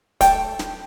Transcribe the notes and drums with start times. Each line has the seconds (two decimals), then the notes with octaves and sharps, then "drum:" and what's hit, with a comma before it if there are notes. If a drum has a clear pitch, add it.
0.21 A3 G5, drum: kick, hi-hat
0.59 drum: snare